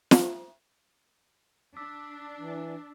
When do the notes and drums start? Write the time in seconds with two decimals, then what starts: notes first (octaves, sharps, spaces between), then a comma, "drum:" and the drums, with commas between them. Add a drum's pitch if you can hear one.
0.11 drum: snare
1.77 D4 D6 E6 B6
2.39 E3